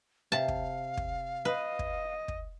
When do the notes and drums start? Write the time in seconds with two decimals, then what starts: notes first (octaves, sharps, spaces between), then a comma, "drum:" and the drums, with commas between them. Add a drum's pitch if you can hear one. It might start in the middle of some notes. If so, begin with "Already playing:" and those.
0.32 C3 F5 A5
0.48 drum: kick
0.97 drum: kick
1.45 B4 D#5
1.79 drum: kick
2.28 drum: kick